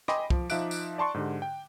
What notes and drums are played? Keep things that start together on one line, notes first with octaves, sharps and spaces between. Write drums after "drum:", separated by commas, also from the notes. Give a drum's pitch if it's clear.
D#5 G5 G#5 B5 C6 D6, drum: rim click
F3, drum: kick
F3 D#4 E5 F5 F#6 D7, drum: tambourine
drum: tambourine
D5 A5 C6 C#6
G#2 D3 G4
G5